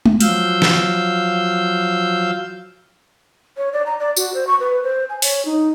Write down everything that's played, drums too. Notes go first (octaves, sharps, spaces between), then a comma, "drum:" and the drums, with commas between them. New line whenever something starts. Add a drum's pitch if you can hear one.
drum: tom G#3
F3 F#3 F5 E6 G6, drum: hi-hat
drum: snare
C#5
D5
A#5
D5
F#4, drum: tambourine
C5
C#6
B4
C5
G#5
C#5, drum: open hi-hat
D#4